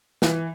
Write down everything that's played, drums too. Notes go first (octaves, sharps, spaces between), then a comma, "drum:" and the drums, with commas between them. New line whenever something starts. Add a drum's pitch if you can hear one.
E3, drum: snare